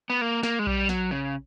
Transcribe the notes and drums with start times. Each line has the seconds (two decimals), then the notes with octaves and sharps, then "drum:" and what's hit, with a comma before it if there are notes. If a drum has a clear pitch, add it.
0.10 B3
0.21 A#3
0.43 A#3, drum: snare
0.59 G#3
0.67 G3, drum: kick B1
0.89 F#3, drum: snare
1.11 C#3